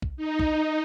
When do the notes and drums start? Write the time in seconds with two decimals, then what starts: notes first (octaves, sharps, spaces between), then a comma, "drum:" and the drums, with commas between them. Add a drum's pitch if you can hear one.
0.02 drum: kick
0.17 D#4
0.39 drum: kick